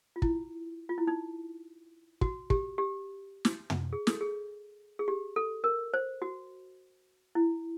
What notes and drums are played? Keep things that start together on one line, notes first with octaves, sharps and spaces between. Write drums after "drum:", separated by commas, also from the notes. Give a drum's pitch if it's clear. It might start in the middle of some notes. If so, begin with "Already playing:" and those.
F4
E4, drum: kick
F4
E4
D#4
F#4, drum: kick
G4, drum: kick
G4
drum: snare
drum: tom
G#4
A4, drum: snare
G#4
G#4
G4
A4
A#4
C5
F#4
E4